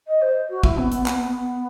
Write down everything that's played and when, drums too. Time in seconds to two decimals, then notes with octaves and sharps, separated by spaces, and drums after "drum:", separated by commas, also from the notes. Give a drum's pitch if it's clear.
0.07 D#5
0.21 C5
0.49 F#4
0.63 E4, drum: kick
0.77 B3
0.92 B3, drum: hi-hat
1.06 B3, drum: clap
1.20 B3